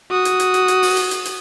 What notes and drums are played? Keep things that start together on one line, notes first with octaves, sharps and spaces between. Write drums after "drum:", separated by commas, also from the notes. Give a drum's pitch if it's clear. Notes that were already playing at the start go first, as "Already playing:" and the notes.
F#4 D#6
drum: hi-hat
drum: hi-hat
drum: hi-hat
drum: hi-hat
drum: open hi-hat
drum: hi-hat
drum: hi-hat
drum: hi-hat